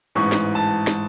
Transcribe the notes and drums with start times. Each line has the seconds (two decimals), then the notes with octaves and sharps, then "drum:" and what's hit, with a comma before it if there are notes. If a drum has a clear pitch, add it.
0.15 A1 G#2 E3 C#6
0.32 drum: snare
0.55 A5
0.87 drum: snare